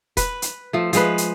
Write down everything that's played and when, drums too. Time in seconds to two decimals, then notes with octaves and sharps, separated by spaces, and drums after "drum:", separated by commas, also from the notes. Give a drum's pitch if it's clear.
0.17 B4, drum: kick E1, hi-hat
0.42 drum: hi-hat
0.73 F3 A3
0.93 F3 G#3 B4, drum: hi-hat
1.18 drum: hi-hat